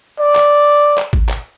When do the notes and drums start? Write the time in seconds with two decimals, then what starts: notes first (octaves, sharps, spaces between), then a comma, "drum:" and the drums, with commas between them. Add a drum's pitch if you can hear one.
0.20 D5
0.35 drum: clap
0.97 drum: clap
1.13 drum: kick
1.29 drum: clap